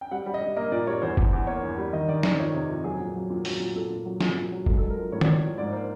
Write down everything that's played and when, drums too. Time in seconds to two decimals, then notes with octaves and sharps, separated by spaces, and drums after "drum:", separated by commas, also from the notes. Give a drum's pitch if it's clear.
0.01 G5
0.11 G3 F#5
0.26 G3
0.34 D#5
0.41 G3
0.56 A#3 D#5
0.72 A#2 D5
0.87 G3 C#5
1.02 E2 C5
1.17 E2, drum: kick
1.33 E2
1.47 A#3 C#5
1.63 E2
1.78 G3
1.93 D#3 D#5
2.08 D#3 D5
2.23 D#3 D5, drum: snare
2.39 F2 C#5
2.54 C3
2.69 F2
2.84 F#3 G#4
3.00 A#2
3.15 F#3
3.30 A#2
3.45 F#3, drum: open hi-hat
3.60 A#2
3.75 A#2 A4
3.90 A#2
4.06 F#3
4.21 A#2 G#4, drum: snare
4.36 A#2
4.52 F#3
4.66 G#3 A4, drum: kick
4.78 A4
4.82 G#3
4.90 A#4
4.97 F3
5.12 A2 C#5
5.21 D5, drum: tom
5.27 A2 C#5
5.43 F3
5.58 G#2 D5
5.73 A#3 C5